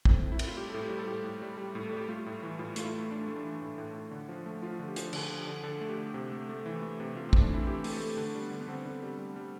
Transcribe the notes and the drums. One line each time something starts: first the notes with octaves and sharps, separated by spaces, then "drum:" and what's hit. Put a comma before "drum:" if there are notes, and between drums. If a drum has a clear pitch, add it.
A2 C4, drum: kick
A2
E4
A2, drum: cymbal
F4
G3 G4
A4
A2
G4
G3
A4
A2 G4
A2
G3
G3
A2
A4
G3 G4
A3 F4
A2
E3
A2 F4
A3 F4, drum: hi-hat
E4
A3
A3 D4
A3
D4
E3
A2
A2
A2
D3
F3
A3
F3 F4
D3
G4
F3, drum: hi-hat
D3, drum: cymbal
F3
D3
D3 A4
A3
G4
D3
C3
A3
A3
E3
A3
C3
A3 F4
C4
A3, drum: kick
D4
E3 E4
E3 G4
A3, drum: open hi-hat
A4
A3
D3 D4
G3
B3
D3
B3
D3 C4
D3
G3
G3
G3